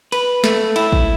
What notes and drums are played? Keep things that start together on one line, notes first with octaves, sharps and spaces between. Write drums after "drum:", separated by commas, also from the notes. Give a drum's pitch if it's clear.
B4, drum: cymbal
A3, drum: snare
E4, drum: cymbal
drum: kick